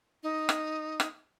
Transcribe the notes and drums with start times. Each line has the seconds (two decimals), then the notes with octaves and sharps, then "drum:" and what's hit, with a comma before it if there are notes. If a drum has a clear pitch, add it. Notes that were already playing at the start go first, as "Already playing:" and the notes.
0.23 D#4
0.49 drum: rim click
1.00 drum: rim click